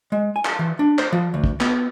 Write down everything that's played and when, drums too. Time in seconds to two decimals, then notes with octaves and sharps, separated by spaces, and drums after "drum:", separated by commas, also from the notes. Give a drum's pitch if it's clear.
0.12 G#3
0.36 G#5
0.45 drum: clap
0.59 E3
0.79 D4
0.99 C5, drum: clap
1.12 F3
1.34 D2
1.44 drum: kick
1.61 B3, drum: clap